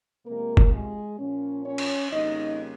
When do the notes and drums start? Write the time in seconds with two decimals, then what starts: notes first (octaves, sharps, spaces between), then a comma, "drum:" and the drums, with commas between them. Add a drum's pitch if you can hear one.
0.26 C3 F3 G#3 A#3 C4 A#4
0.57 drum: kick F1
0.72 G#3 G#4
1.19 A#2 F3 A#3 C#4
1.65 C#4 C#5
1.78 drum: cymbal
2.10 F2 C#3 G3 A#3 D#4 D#5